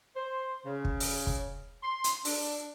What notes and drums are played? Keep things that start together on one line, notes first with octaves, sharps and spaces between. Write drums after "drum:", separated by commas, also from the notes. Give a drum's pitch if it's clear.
C5
C#3
drum: kick
drum: open hi-hat
drum: kick
C6
drum: hi-hat
D4, drum: open hi-hat